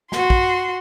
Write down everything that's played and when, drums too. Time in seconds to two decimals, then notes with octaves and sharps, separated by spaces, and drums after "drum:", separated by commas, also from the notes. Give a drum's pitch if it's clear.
0.12 F#4 C6, drum: snare
0.30 drum: kick